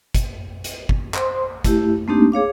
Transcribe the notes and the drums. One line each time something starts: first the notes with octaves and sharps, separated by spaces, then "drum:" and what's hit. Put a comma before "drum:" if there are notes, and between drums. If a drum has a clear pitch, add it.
drum: kick G1, hi-hat
drum: hi-hat
drum: kick G1
C5 C6, drum: clap
A3 E4 G4, drum: kick G1, hi-hat
A3 A#3 C4 D4 D#4 G4
G#4 C#5 F5 D6